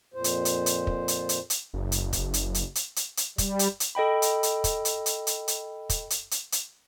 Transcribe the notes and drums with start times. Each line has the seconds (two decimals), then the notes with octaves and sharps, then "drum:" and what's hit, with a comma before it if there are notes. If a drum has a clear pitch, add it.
0.14 F2 A#2 C5
0.24 drum: hi-hat
0.45 drum: hi-hat
0.66 drum: hi-hat
0.87 drum: kick
1.08 drum: hi-hat
1.29 drum: hi-hat
1.50 drum: hi-hat
1.74 F#1
1.92 drum: hi-hat
2.13 drum: kick, hi-hat
2.34 drum: hi-hat
2.54 drum: hi-hat
2.75 drum: hi-hat
2.96 drum: hi-hat
3.17 drum: hi-hat
3.38 G3, drum: kick, hi-hat
3.59 drum: hi-hat
3.80 drum: hi-hat
3.95 A4 D#5 G5 B5
4.22 drum: hi-hat
4.43 drum: hi-hat
4.64 drum: kick, hi-hat
4.85 drum: hi-hat
5.06 drum: hi-hat
5.27 drum: hi-hat
5.48 drum: hi-hat
5.89 drum: kick, hi-hat
6.10 drum: hi-hat
6.31 drum: hi-hat
6.52 drum: hi-hat